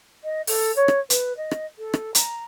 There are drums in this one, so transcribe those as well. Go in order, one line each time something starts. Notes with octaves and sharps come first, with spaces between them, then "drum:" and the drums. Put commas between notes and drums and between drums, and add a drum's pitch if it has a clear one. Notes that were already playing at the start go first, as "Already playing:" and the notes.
D#5
A4, drum: open hi-hat
C#5
drum: rim click
B4, drum: hi-hat
D#5
drum: rim click
A4
drum: rim click
A#5, drum: hi-hat